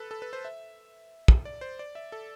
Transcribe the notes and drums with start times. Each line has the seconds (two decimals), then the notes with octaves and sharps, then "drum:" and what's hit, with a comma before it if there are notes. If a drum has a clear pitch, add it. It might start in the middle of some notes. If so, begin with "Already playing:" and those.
Already playing: A4 B4
0.11 A4
0.22 B4
0.33 C5
0.45 E5
1.28 drum: kick
1.45 D5
1.61 C5
1.79 D5
1.95 E5
2.12 A4